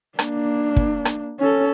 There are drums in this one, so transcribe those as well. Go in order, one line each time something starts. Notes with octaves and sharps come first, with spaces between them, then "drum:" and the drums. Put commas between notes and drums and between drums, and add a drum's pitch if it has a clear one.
A#3 D4, drum: rim click
drum: kick
drum: rim click
C#4 A4